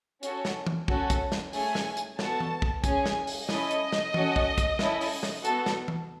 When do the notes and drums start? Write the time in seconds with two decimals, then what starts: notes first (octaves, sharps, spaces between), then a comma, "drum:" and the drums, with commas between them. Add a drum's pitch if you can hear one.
0.23 C#4 F#4 A4, drum: hi-hat
0.45 drum: snare
0.67 drum: tom E3
0.88 C#4 F#4 A4, drum: kick
1.10 drum: kick, hi-hat
1.32 drum: snare
1.53 A3 C#4 G#4 G#5, drum: open hi-hat
1.75 drum: snare
1.97 drum: hi-hat
2.19 B3 F#4 A4 A5, drum: snare
2.40 drum: tom E3
2.62 drum: kick
2.84 C#4 G#4 G#5, drum: kick, hi-hat
3.06 drum: snare
3.27 drum: open hi-hat
3.49 C#4 E4 A4 D#5, drum: snare
3.71 drum: hi-hat
3.92 drum: snare
4.14 C#4 F#4 A4, drum: tom E3
4.36 drum: kick
4.58 drum: kick, hi-hat
4.79 C#4 E4 A4, drum: snare
5.01 drum: open hi-hat
5.23 drum: snare
5.45 B3 F#4 A4, drum: hi-hat
5.66 drum: snare
5.88 drum: tom E3